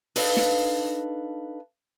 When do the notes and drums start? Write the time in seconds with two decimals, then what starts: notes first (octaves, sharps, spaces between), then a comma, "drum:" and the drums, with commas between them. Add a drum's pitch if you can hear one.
0.16 D4 D#4 A4 B4 F5, drum: open hi-hat
0.37 drum: snare